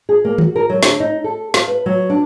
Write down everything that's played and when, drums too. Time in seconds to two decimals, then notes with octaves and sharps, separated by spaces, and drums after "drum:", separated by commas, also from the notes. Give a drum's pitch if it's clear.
0.09 G#4
0.25 A#3
0.38 F#4, drum: tom D#3
0.56 A#4
0.69 F#3
0.83 D3, drum: snare
1.00 D#4
1.24 A4
1.54 F5, drum: snare
1.68 B4
1.86 F#3
2.10 D4